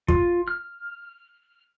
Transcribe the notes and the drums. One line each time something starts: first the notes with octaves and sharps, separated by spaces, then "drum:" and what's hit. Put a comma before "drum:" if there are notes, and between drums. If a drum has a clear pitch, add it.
F4, drum: kick
F6